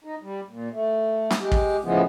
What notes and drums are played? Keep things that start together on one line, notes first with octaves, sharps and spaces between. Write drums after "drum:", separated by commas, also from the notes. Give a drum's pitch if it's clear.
D#4
G3
A#2
A3
drum: snare
G#3 G4
drum: kick
A2 C#3 E3 F3 G#3 B3